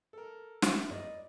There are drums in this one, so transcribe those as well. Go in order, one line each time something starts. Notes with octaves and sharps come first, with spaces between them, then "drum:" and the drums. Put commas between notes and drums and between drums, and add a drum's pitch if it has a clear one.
A4 A#4
E4 A#4 E5, drum: snare
D5 D#5